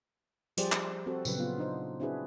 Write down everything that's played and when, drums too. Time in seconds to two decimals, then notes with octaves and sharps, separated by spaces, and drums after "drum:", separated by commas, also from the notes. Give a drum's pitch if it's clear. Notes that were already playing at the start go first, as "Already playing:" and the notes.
0.57 F3 G3 G4 G#4 C5 D5, drum: hi-hat
0.72 drum: clap
1.06 C4 F#4 A4
1.25 A#2 C#3 F#3 B4, drum: tambourine
1.37 B3 F4
1.58 D4 D#4 C5
2.00 C4 D4 E4 F#4 G#4 B4